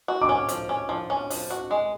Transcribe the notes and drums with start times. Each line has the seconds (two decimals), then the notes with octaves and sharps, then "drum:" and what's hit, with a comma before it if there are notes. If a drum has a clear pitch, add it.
0.08 F#4
0.22 D6
0.29 C#4
0.49 F3, drum: hi-hat
0.69 C#4
0.89 F3
1.10 C#4
1.30 F3, drum: open hi-hat
1.50 F#4
1.71 G#3